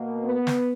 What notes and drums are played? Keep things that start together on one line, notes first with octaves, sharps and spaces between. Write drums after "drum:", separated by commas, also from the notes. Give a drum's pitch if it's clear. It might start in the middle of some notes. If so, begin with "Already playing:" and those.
Already playing: B2 A#3
B3
drum: snare